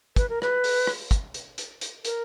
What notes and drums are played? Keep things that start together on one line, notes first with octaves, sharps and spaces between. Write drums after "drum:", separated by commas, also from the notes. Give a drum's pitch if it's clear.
B4, drum: kick, hi-hat
A#4
B4, drum: rim click
drum: open hi-hat
drum: rim click
drum: kick, hi-hat
drum: hi-hat
drum: hi-hat
drum: hi-hat
A#4, drum: hi-hat